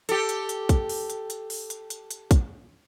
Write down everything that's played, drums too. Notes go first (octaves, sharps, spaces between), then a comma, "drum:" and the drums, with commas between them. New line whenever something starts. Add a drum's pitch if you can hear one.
G4 A4, drum: hi-hat
drum: hi-hat
drum: hi-hat
drum: kick, hi-hat
drum: open hi-hat
drum: hi-hat
drum: hi-hat
drum: open hi-hat
drum: hi-hat
drum: hi-hat
drum: hi-hat
drum: kick, hi-hat